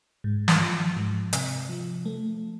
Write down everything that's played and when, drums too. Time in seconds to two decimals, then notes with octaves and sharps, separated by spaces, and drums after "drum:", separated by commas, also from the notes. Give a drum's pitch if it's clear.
0.24 G#2
0.48 drum: snare
0.61 F3
0.97 G#2
1.33 C3, drum: hi-hat
1.69 F3
2.05 A3